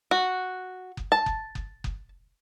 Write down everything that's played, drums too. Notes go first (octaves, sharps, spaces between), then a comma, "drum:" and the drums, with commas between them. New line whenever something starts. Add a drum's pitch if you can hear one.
F#4
drum: kick F#1
A5
drum: kick F#1
drum: kick F#1
drum: kick F#1